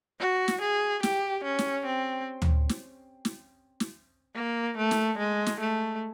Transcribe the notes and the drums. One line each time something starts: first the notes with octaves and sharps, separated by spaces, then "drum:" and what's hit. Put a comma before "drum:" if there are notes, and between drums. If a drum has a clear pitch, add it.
F#4
drum: snare
G#4
G4, drum: snare
C#4
drum: snare
C4
drum: tom D2
drum: snare
drum: snare
drum: snare
A#3
A3
drum: snare
G#3
drum: snare
A3